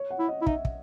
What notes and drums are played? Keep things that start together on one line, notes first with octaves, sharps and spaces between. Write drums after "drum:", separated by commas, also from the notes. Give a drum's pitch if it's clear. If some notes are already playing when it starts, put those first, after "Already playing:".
Already playing: C#5
F#5
E4
D#5
E4
D#4 E5, drum: kick
drum: kick